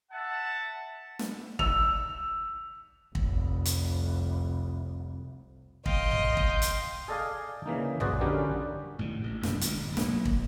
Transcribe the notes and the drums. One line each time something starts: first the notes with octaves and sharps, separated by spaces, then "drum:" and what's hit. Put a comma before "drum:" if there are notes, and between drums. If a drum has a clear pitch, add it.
E5 F#5 A5
drum: snare
E6 F7, drum: kick
F1 C2, drum: kick
drum: hi-hat
D#5 F5 G5 C6, drum: kick
drum: tom A#1
drum: kick
drum: hi-hat
G#4 A4 D5 D#5 F5 G#5
C#3 E3 A#3 D#4
F#4 G#4 B4 C5 D5 D#5, drum: tom A#1
D3 G3 C#4 F#4 G4 A#4
A2 C3 D#3
A1 C3
F#2 A#2 C#3 D4, drum: snare
A1 D3 G3 G#3, drum: hi-hat
D1
B1 F#3 A#3, drum: snare
drum: kick